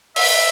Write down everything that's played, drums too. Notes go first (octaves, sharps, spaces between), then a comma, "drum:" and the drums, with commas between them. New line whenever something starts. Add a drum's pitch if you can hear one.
E5, drum: open hi-hat